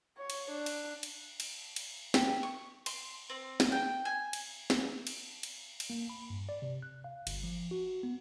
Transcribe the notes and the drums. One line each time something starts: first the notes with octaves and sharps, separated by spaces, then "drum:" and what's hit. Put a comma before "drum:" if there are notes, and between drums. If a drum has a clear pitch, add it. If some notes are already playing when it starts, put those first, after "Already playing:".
C#5
drum: cymbal
D4
drum: cymbal
drum: cymbal
drum: cymbal
drum: cymbal
G4, drum: snare
C#6
C6, drum: cymbal
C4
drum: snare
G5
G#5
drum: cymbal
drum: snare
drum: cymbal
drum: cymbal
drum: cymbal
A#3
B5
G2
D5
C3
F#6
F5
G1, drum: cymbal
F3
F#4
B3